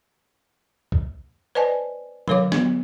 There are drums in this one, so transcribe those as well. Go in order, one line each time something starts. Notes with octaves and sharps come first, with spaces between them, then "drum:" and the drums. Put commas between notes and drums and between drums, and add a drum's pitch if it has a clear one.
drum: kick
B4 C5 D5 D#5 G#5 A5
D3 F#3 A#4 C#5 F5 D6, drum: tom C3
B3, drum: snare